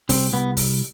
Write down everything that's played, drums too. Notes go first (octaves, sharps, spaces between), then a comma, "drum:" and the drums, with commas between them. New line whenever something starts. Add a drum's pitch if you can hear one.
C2 C4, drum: kick, open hi-hat
C2 B3
drum: kick, open hi-hat